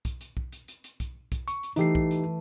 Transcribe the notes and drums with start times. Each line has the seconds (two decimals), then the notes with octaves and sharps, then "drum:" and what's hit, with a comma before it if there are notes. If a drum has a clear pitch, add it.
0.05 drum: kick B1, hi-hat
0.21 drum: hi-hat
0.37 drum: kick B1
0.53 drum: hi-hat
0.68 drum: hi-hat
0.84 drum: hi-hat
1.00 drum: kick B1, hi-hat
1.32 drum: kick B1, hi-hat
1.48 C#6, drum: hi-hat
1.63 drum: hi-hat
1.76 E3 A3 D#4 G4 C7, drum: hi-hat
1.95 drum: kick B1
2.11 drum: hi-hat